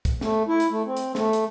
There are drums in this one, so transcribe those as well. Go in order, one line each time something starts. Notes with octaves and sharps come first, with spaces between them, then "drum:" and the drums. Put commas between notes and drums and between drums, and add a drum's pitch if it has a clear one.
drum: kick, hi-hat
A3, drum: snare
E4
drum: hi-hat
A3
C4
drum: hi-hat
A3, drum: snare
drum: hi-hat